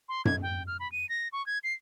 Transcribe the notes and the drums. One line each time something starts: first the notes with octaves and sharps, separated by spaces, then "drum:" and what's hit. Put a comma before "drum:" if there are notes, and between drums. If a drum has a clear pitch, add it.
C6
G#6, drum: tom F#2
G5
F6
B5
D#7
A#6
C#6
G#6
C7